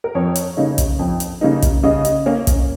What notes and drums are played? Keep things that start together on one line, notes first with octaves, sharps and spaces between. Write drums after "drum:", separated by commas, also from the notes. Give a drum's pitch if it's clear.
A#4
F2 C#5
drum: hi-hat
C#3 A#3 D#4
drum: kick, hi-hat
F2
drum: hi-hat
C#3 A#3 D#4
drum: kick, hi-hat
C#3 D#5
drum: hi-hat
A#3 C#4
drum: kick, hi-hat